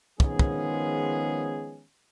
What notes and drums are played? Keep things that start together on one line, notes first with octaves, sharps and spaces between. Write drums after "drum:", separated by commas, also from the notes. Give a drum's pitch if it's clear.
D#3 F3 G#3 B3 C#4 G#4, drum: kick
drum: kick